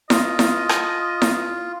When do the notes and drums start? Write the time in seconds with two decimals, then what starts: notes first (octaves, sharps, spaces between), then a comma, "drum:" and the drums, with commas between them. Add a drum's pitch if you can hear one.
0.10 F4 D#5, drum: snare E4
0.39 drum: snare E4
0.69 drum: rim click
1.22 drum: snare E4